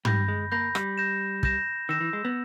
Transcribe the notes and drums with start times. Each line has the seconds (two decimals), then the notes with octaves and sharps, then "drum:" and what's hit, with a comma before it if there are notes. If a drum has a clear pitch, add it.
0.05 G3 B5 G6 A#6, drum: tom
0.28 G#3
0.52 A#3 B5 G6 A#6
0.75 G3, drum: rim click
0.98 G6 A#6 E7
1.43 G6 A#6 E7, drum: kick
1.89 D#3 E6 A#6 E7
2.00 E3
2.13 G#3
2.25 B3